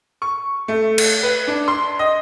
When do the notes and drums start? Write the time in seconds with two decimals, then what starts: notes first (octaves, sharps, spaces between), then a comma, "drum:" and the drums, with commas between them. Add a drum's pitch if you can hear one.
0.22 C#6
0.68 A3
0.98 drum: cymbal
1.23 B4
1.47 D4
1.68 C6
1.99 D#5